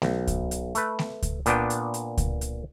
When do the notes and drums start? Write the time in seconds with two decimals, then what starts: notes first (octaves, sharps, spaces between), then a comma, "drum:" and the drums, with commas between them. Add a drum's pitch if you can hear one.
0.02 B1, drum: snare A3
0.27 drum: kick C#2, hi-hat
0.51 drum: hi-hat
0.75 A3 B4, drum: hi-hat
0.99 drum: snare A3
1.22 drum: kick C#2, hi-hat
1.46 A#2 B3 D4 G5, drum: hi-hat
1.70 drum: hi-hat
1.94 drum: hi-hat
2.17 drum: kick C#2, hi-hat
2.41 drum: hi-hat